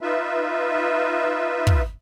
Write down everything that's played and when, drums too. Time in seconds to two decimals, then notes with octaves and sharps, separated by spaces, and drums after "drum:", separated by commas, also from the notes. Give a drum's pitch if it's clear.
0.01 D#4 F4 B4 E5
1.67 drum: kick